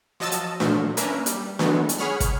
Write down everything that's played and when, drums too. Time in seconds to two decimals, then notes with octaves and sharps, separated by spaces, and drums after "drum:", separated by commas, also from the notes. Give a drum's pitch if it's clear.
0.20 F3 F#3 D#5 A5 E6 A6
0.32 drum: hi-hat
0.60 A#2 F3 F#3 A3, drum: snare D4
0.97 A#3 C#4 D4 A#4 B4 E5, drum: hi-hat
1.26 G3, drum: hi-hat
1.59 D#3 E3 F#3 G#3 A3 B3, drum: snare D4
1.89 drum: hi-hat
1.98 G#4 C#5 F#5 B5 F6
2.20 drum: kick, hi-hat